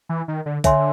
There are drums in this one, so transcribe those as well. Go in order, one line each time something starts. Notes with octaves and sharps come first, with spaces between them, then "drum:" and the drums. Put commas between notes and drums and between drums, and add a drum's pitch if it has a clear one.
E3
D#3
D3
D3 C#5 E5 G#5 C6, drum: kick, hi-hat